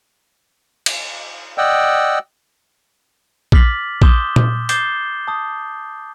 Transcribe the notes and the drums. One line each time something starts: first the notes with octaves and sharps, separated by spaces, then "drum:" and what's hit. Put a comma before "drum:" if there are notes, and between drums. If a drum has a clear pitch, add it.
drum: cymbal
D5 D#5 F#5 G5 E6
D6 F6 A6 B6 F#7, drum: kick A#1
C6 D6 D#6 G6 E7 G7, drum: kick A#1
drum: tom A#2
D6 G6 A6 C7 E7 G7, drum: hi-hat
A5 D#6